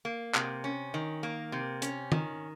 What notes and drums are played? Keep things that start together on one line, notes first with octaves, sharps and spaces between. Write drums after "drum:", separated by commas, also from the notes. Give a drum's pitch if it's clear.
A#3
C3, drum: clap
C#4
D#3
A#3
C3
C#4, drum: hi-hat
D#3, drum: tom D#3